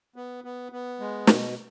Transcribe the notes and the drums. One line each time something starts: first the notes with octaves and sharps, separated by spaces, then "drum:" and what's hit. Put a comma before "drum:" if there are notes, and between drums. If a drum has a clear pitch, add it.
B3
B3
B3
G#3
B2, drum: snare